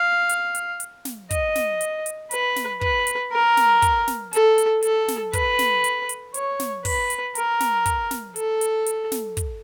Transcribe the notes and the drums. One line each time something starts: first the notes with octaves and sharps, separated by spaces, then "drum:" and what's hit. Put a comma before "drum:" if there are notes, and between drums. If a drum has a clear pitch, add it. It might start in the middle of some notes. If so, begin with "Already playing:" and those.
Already playing: F5
drum: hi-hat
drum: hi-hat
drum: hi-hat
drum: snare
D#5, drum: kick, hi-hat
drum: snare
drum: hi-hat
drum: hi-hat
B4, drum: hi-hat
drum: snare
B4, drum: kick
drum: hi-hat
A#4
drum: snare
drum: kick, hi-hat
drum: snare
A4, drum: hi-hat
drum: hi-hat
A4, drum: hi-hat
drum: snare
B4, drum: kick, hi-hat
drum: snare
drum: hi-hat
drum: hi-hat
C#5, drum: hi-hat
drum: snare
B4, drum: kick, open hi-hat
drum: hi-hat
A#4, drum: hi-hat
drum: snare
drum: kick, hi-hat
drum: snare
A4, drum: hi-hat
drum: hi-hat
drum: hi-hat
drum: snare
drum: kick, hi-hat